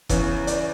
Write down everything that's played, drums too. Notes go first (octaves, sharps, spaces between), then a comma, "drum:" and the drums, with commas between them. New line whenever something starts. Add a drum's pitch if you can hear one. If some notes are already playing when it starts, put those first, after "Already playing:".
E2 C#3 E3 C#5, drum: kick F1, hi-hat
D5, drum: hi-hat